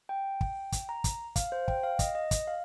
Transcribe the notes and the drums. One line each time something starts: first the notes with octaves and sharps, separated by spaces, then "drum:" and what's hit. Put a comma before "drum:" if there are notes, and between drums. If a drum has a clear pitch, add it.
G5
drum: kick
drum: kick, hi-hat
A#5
drum: kick, hi-hat
F5, drum: kick, hi-hat
C5
G5, drum: kick
F5
D#5, drum: kick, hi-hat
D#5
drum: kick, hi-hat
F5